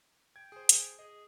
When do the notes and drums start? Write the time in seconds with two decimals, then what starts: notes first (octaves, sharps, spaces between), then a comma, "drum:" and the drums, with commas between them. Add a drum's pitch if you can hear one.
0.36 G5 G#6
0.52 G#4 C5
0.69 drum: hi-hat
0.99 G#4 D#5